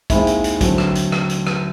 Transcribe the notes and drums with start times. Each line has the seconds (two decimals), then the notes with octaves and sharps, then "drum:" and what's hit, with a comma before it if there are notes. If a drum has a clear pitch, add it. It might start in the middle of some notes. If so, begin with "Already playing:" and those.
0.10 D#2 D#3 G#3 C4 E4, drum: kick A#1, hi-hat
0.27 drum: hi-hat
0.44 drum: hi-hat
0.61 D3 F#3 A3 C4, drum: kick A#1, hi-hat
0.78 drum: rim click
0.95 drum: hi-hat
1.12 drum: rim click
1.29 drum: hi-hat
1.47 drum: rim click